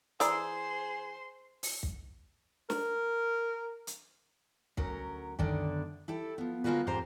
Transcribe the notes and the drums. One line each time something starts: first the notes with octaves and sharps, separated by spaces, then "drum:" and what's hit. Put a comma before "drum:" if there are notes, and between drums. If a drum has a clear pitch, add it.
E3 G#4 C5 D5 A#5 C6 D#6 E6, drum: hi-hat
drum: open hi-hat
drum: kick
A#4, drum: snare
drum: hi-hat
D2 F#3 C#4 A#4, drum: kick
F#2 D3 D#3 B3 D4, drum: kick
E4 G4 A4
F3 B3
D3 G#3 A#3 F4 F#4 B4
F2 G#2 C4 G4 C5 A#5